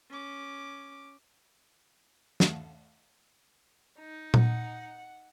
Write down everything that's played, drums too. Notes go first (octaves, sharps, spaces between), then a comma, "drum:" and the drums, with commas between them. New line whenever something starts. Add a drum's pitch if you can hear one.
C#4 D6
A3 F5 F#5 A5, drum: snare
D#4
F#5, drum: tom A#2